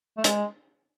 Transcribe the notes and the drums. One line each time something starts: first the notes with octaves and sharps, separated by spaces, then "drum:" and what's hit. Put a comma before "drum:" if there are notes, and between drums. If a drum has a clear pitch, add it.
A3
G#3, drum: hi-hat